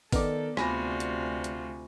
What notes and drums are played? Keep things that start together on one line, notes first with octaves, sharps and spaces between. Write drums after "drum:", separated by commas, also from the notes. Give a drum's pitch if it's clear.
D#3 B3 A4 D5, drum: kick G#1, open hi-hat
D2 C3 F4 F#4 G#5 B5 A#6, drum: rim click
drum: hi-hat
drum: hi-hat